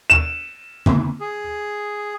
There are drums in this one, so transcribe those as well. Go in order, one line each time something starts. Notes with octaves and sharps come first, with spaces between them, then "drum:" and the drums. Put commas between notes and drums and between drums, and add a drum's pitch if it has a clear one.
E7
drum: tom D3
G#4